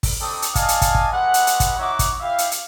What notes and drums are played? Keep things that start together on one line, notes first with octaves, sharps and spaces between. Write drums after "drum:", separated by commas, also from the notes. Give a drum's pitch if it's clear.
drum: kick, open hi-hat
C4 D4 D#4 G4 A4 D#6
drum: hi-hat
D5 D#5 F5 G#5 A5, drum: kick, hi-hat
drum: hi-hat
drum: kick, hi-hat
drum: kick
G3 G#3 B4 F#5
drum: hi-hat
drum: hi-hat
drum: kick, hi-hat
D#4 F#4 C#5 E5 F#5 D6
drum: kick, hi-hat
E4 G4 E5 F5
drum: hi-hat
drum: hi-hat